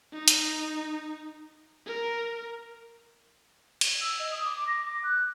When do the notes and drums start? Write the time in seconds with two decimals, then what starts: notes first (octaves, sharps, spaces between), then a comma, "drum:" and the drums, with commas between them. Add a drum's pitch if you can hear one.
0.13 D#4
0.28 drum: hi-hat
1.87 A#4
3.81 drum: cymbal
4.01 E6
4.19 D#5
4.31 D#6
4.45 D6
4.67 A#6
4.86 D6
5.04 F#6